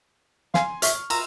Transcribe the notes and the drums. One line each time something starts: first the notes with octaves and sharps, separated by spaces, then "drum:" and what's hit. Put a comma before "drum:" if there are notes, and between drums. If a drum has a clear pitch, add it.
F5 G#5 C6, drum: snare
E5 C#6 F6, drum: hi-hat
A#5 C6 E6, drum: cymbal